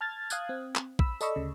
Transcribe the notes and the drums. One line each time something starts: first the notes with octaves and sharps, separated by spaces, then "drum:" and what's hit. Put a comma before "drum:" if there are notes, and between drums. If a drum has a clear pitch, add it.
A5 F6 G#6 A6
F5 D#6 F#6 G#6, drum: tambourine
C4
drum: clap
B5 E6, drum: kick
A4 D5 D#5 B5 C#6 E6, drum: tambourine
D2 C#3